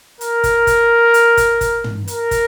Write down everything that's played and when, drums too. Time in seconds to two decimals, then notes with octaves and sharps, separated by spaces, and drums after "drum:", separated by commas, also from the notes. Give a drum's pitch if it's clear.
0.21 A#4, drum: hi-hat
0.44 drum: kick, hi-hat
0.67 drum: kick, hi-hat
1.14 drum: hi-hat
1.37 drum: kick, hi-hat
1.61 drum: kick, hi-hat
1.84 drum: tom
2.08 A#4, drum: hi-hat
2.31 drum: kick, hi-hat